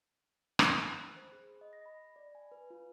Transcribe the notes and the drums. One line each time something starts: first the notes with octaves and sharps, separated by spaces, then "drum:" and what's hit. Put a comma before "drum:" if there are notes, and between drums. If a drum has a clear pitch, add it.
G5, drum: rim click
F#6
B5
C5
G#4
D#5
A#6
B5
D5
G#5
B4
F4